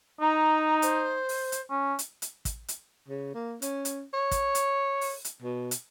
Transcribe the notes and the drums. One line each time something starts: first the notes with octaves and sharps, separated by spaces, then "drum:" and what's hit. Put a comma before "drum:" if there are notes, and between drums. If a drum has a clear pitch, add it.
D#4 A#5
C5, drum: hi-hat
drum: open hi-hat
drum: hi-hat
C#4
drum: hi-hat
drum: hi-hat
drum: kick, hi-hat
drum: hi-hat
C#3
A#3
C#4, drum: hi-hat
drum: hi-hat
C#5
drum: kick, hi-hat
drum: hi-hat
drum: open hi-hat
drum: hi-hat
B2
drum: hi-hat